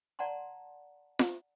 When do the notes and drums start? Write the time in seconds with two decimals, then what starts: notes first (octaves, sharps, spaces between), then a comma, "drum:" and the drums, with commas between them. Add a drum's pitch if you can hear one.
0.19 D5 F#5 A5 A#5 C6
1.19 drum: snare F4